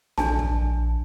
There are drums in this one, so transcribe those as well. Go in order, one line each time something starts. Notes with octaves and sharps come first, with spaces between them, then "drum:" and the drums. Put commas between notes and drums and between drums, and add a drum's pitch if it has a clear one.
A#1 D4 G#5 A5, drum: snare
drum: kick